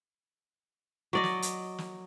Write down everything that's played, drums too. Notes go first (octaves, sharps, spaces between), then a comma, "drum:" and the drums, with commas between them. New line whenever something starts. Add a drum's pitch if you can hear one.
F#3 D5 D#5
drum: snare
drum: hi-hat
drum: snare